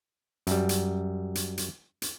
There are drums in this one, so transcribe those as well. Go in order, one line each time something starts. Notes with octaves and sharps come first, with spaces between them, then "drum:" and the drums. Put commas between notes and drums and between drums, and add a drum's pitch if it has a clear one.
F#2 G3, drum: hi-hat
drum: hi-hat
drum: hi-hat
drum: hi-hat
drum: hi-hat